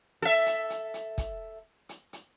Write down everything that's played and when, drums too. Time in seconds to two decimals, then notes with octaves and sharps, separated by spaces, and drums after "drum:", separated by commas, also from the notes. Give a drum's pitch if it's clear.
0.22 A4 E5, drum: hi-hat
0.46 drum: hi-hat
0.70 drum: hi-hat
0.94 drum: hi-hat
1.18 drum: kick, hi-hat
1.89 drum: hi-hat
2.13 drum: hi-hat